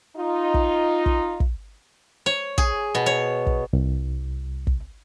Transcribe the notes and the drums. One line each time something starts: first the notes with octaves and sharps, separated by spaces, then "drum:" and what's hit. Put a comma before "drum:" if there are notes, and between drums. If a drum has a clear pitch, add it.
D#4 F4
drum: kick
drum: kick
drum: kick
C#5
G#4, drum: kick
B2
C#5
drum: kick
C2
drum: kick